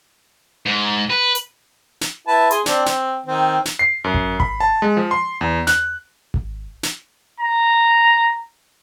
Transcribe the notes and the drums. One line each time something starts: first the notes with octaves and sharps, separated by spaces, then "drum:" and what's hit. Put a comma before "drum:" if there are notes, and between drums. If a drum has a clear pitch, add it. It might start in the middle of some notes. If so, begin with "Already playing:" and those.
G#2
B4
drum: hi-hat
drum: snare
E4 B4 A5
G#4 C6, drum: hi-hat
C4 D4, drum: snare
C4, drum: snare
D#3 C4
drum: snare
C7
F#2
drum: kick G#1
B5, drum: kick G#1
A5
G#3
F3
C6
E2
F#6, drum: snare
drum: kick G#1
drum: snare
A#5